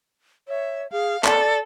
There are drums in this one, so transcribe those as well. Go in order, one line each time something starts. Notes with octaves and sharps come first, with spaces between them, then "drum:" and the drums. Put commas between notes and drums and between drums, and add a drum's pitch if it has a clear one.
C#5 E5
G#4 F5
A4 D5, drum: clap